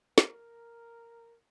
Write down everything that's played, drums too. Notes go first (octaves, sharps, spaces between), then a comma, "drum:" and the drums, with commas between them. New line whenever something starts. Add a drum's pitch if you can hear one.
A#4, drum: snare